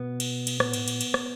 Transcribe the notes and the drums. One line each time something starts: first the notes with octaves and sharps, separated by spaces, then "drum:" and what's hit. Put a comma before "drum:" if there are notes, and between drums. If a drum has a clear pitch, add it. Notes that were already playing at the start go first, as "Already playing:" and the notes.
Already playing: B2 B3
drum: cymbal
drum: cymbal
A#2 B3, drum: rim click
A2, drum: cymbal
A#2, drum: cymbal
drum: cymbal
drum: rim click